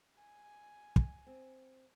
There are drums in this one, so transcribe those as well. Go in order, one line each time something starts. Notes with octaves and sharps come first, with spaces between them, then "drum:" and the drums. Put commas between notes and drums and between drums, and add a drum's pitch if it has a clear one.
G#5
drum: kick
C4